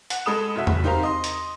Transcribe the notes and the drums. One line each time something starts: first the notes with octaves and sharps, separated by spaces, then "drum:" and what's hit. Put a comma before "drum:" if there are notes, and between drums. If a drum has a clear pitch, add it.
F#5, drum: hi-hat
G#3 A4 B5 D#6 E7
F1 F#4 E5
drum: tom E2
C4 D#4 G4 A#4 F5 A#5
D#5 C6
drum: hi-hat